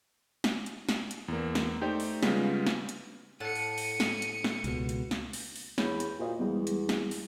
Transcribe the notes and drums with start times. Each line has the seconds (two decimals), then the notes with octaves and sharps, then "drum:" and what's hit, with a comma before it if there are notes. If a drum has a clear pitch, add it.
0.44 drum: snare
0.66 drum: hi-hat
0.89 drum: snare
1.11 drum: hi-hat
1.28 E2 A#3
1.55 drum: snare
1.81 A3 D#4 G4 C5 D5 G5
2.00 drum: open hi-hat
2.23 C#3 G3 G#3 B3 C#4 F4, drum: snare
2.66 drum: snare
2.89 drum: hi-hat
3.40 A2 F#5 A5 C#7 D#7
3.55 drum: open hi-hat
3.78 drum: open hi-hat
4.00 drum: snare
4.22 drum: hi-hat
4.44 drum: snare
4.64 C#2 B2, drum: hi-hat
4.89 drum: hi-hat
5.11 drum: snare
5.33 drum: open hi-hat
5.56 drum: open hi-hat
5.78 E2 C#5 B5 G6, drum: snare
6.00 drum: hi-hat
6.19 A#2 F#4 C5 D#5
6.39 E2 G3 G#3 B3
6.67 drum: hi-hat
6.89 drum: snare
7.11 drum: open hi-hat